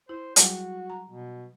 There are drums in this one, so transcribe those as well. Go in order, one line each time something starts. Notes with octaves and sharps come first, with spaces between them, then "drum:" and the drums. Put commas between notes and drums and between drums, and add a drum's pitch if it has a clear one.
E4 C5
F#3 G3 F#4 G#4, drum: hi-hat
A#5
B2